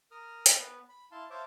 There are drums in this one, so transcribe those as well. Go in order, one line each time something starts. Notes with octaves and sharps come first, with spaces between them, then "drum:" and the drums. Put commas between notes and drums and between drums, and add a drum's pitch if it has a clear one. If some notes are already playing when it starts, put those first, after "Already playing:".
A#4 D#6 F6
drum: hi-hat
B3 B4
B5
E4 F5 A5 C6
C5 C#5 E5 F5 A5 D6